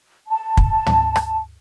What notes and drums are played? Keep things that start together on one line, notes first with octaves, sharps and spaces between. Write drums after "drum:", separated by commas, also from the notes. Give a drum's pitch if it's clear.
A5
drum: kick
drum: tom
drum: rim click